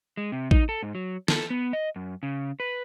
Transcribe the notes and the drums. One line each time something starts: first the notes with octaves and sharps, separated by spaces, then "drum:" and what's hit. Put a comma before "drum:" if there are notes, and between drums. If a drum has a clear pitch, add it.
G#3
C3
D#4, drum: kick
A4
G#2
F#3
A4, drum: snare
B3
D#5
F#2
C#3
B4